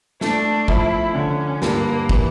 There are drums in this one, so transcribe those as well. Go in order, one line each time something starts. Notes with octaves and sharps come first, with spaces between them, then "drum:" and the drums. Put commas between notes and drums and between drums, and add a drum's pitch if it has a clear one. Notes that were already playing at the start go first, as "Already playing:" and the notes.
A3 D4, drum: snare
F3 E4, drum: kick
D3 C#4
G2 A#3, drum: snare
E3, drum: kick